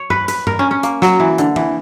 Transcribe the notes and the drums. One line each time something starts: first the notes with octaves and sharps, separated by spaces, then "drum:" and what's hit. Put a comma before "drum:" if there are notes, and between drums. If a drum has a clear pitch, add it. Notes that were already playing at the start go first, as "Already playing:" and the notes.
Already playing: C#5
B4, drum: tom G2
B4, drum: hi-hat
A#4, drum: tom G2
C#4
C#4
A#3, drum: hi-hat
F#3, drum: snare
E3
D3, drum: hi-hat
E3, drum: tom